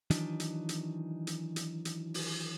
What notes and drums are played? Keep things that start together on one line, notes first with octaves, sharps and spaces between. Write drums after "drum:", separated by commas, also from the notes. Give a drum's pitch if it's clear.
D#3 E3 F#3 D4 D#4, drum: hi-hat
drum: hi-hat
drum: hi-hat
drum: hi-hat
drum: hi-hat
drum: hi-hat
drum: open hi-hat